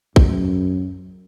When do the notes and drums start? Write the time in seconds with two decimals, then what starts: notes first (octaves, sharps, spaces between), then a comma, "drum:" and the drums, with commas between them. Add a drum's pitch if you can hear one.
0.16 F#2, drum: kick